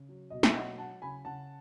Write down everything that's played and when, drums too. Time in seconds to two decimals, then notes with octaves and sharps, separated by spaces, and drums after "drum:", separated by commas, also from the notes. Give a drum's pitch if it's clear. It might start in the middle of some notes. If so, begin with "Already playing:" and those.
Already playing: C#3
0.09 F#3
0.30 B2 D#5
0.43 E5, drum: snare
0.55 F#3 D#5 F#5
0.78 F#3 F#5 A5
1.02 C#3 G#5 B5
1.25 C#3 F#5 A5